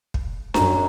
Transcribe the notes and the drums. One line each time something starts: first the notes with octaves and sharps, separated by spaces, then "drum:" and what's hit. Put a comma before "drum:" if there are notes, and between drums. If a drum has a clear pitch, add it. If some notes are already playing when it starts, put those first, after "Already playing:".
drum: kick
F#2 A#5, drum: snare D4